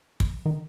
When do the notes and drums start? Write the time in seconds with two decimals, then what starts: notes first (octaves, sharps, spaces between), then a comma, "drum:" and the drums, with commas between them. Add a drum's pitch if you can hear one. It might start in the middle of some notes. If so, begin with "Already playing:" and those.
0.20 drum: kick
0.46 D#3